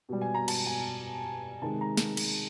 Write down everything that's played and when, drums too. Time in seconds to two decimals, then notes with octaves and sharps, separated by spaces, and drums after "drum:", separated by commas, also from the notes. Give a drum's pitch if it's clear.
0.09 B2 G3
0.21 G#5
0.34 A#5
0.48 A5, drum: cymbal
0.66 G#5
1.62 C3 D#3 G#3 A5
1.81 A#5
1.97 drum: snare
2.17 drum: cymbal